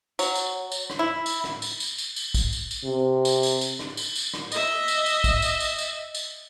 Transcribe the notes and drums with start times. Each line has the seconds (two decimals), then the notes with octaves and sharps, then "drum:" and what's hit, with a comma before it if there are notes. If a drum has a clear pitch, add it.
0.19 F#3, drum: tambourine
0.35 drum: tambourine
0.72 drum: tambourine
0.90 drum: rim click
0.99 E4
1.26 drum: tambourine
1.44 drum: rim click
1.62 drum: tambourine
1.80 drum: tambourine
1.98 drum: tambourine
2.16 drum: tambourine
2.34 drum: kick, tambourine
2.53 drum: tambourine
2.71 drum: tambourine
2.84 C3
3.25 drum: tambourine
3.43 drum: tambourine
3.61 drum: tambourine
3.79 drum: rim click
3.97 drum: tambourine
4.15 drum: tambourine
4.34 drum: rim click
4.52 D#5 E5, drum: tambourine
4.88 drum: tambourine
5.06 drum: tambourine
5.24 drum: kick, tambourine
5.42 drum: tambourine
5.60 drum: tambourine
5.78 drum: tambourine
6.15 drum: tambourine